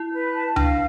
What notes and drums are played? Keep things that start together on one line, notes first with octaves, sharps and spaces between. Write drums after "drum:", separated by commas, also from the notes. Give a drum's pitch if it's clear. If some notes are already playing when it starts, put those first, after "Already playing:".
Already playing: E4
B4
A5
D4 F5, drum: tom C#2